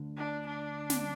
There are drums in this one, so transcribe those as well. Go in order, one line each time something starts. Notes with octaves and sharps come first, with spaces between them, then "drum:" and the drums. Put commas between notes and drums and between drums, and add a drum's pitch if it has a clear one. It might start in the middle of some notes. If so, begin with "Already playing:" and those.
Already playing: D2 D3
D4
D4
drum: snare